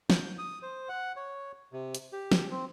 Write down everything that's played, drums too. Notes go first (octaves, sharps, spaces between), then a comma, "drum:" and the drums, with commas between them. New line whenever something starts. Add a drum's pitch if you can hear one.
G6, drum: snare
D#6
C5
F#5
C#5
C3
drum: hi-hat
G4
drum: snare
C4